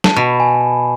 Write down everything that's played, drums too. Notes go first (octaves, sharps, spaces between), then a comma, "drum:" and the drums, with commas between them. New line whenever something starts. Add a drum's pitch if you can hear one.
A5, drum: snare
B2 B5
G#5